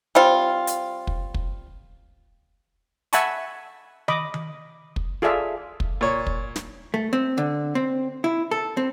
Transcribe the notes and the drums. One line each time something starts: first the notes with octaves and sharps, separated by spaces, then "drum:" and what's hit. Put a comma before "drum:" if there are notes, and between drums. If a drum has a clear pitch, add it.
G3 C4 F4
drum: hi-hat
drum: kick
drum: kick
E5 F#5 G#5 A5 B5 C#6, drum: hi-hat
D#5 B5 D6, drum: tom D#3
drum: tom D#3
drum: kick
F4 G#4 A4 D5 E5 F5
drum: kick
A#2 C#5
drum: kick
drum: snare
A3
C4
D3
C4
E4
A4
C4